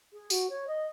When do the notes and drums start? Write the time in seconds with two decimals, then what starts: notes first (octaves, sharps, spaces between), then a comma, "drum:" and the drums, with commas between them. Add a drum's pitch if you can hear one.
0.13 G#4
0.30 F#4, drum: tambourine
0.49 C#5
0.67 D#5